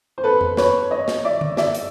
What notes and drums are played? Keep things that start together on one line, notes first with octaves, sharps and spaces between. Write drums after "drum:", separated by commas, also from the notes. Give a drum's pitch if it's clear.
C5
A4 B4
drum: tom F2
B4 C#5, drum: snare
C#5 D#5
drum: snare
D5 E5
drum: tom D3
D5 E5, drum: snare
drum: hi-hat